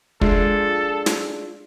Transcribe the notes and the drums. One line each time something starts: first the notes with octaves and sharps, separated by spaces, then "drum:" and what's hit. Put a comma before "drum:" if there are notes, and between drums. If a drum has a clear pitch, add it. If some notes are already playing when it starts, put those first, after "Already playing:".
G#3 D4 F4 G#4 A4, drum: kick
drum: snare